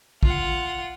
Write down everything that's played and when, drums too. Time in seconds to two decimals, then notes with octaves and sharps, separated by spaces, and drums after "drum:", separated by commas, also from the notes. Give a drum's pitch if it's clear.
0.23 F4 F#5, drum: kick